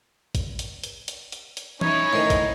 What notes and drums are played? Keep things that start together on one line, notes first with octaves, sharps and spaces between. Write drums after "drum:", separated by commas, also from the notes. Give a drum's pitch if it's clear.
drum: kick, hi-hat
drum: hi-hat
drum: hi-hat
drum: hi-hat
drum: hi-hat
drum: hi-hat
C#4 D#4 E4 C#5, drum: tom E3
A2 D#3 A#4 C5 D#5
drum: kick, hi-hat